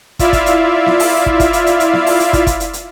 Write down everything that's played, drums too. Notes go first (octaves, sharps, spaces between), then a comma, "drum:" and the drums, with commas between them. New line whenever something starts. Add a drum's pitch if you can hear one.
E4 F4 D5 E5 F5, drum: kick, hi-hat
drum: kick, hi-hat
drum: hi-hat
drum: snare B3
drum: open hi-hat
drum: kick
drum: kick, hi-hat
drum: hi-hat
drum: hi-hat
drum: hi-hat
drum: snare B3
drum: open hi-hat
drum: hi-hat
drum: kick, hi-hat
drum: kick, hi-hat
drum: hi-hat
drum: hi-hat